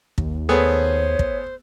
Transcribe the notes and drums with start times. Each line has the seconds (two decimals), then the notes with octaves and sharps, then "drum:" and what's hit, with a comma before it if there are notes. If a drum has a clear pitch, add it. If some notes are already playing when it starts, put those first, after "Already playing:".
0.18 D#2, drum: kick
0.49 A3 B3 G#4 C5 C#5
1.19 drum: kick